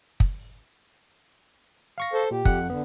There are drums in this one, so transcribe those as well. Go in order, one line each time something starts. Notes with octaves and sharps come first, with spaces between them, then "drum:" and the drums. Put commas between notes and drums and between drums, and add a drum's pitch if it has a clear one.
drum: kick
F5 C#6 A#6
A4 C5
A#2 G4
F2 F#5 F#6, drum: kick
D3 B3